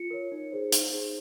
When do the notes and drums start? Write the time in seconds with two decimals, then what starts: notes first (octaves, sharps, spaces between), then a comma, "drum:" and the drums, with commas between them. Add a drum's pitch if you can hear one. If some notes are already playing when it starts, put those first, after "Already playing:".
Already playing: F4 C#7
0.11 A#4 C#5
0.32 D#4
0.52 G#4 C5
0.72 D#4, drum: hi-hat
0.93 G#4 C5